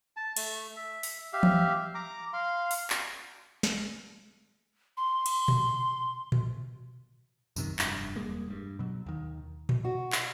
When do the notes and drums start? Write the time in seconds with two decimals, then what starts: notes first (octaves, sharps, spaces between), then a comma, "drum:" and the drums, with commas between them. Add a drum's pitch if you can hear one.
0.17 A5
0.36 A3, drum: cymbal
0.76 E5
1.03 drum: open hi-hat
1.33 G4 E5 F5
1.43 drum: tom E3
1.95 A#5 D6
2.33 F5 C6
2.71 drum: open hi-hat
2.90 drum: clap
3.63 drum: snare
4.97 C6
5.26 drum: cymbal
5.48 drum: tom A#2
6.32 drum: tom A#2
7.56 F#2 C3 D#3, drum: tambourine
7.79 F1 G2, drum: clap
8.16 E1 G3 G#3 A#3
8.50 G2
8.79 B2 F#3
9.06 D#2 D#3
9.69 drum: tom A#2
9.84 F#4
10.12 drum: clap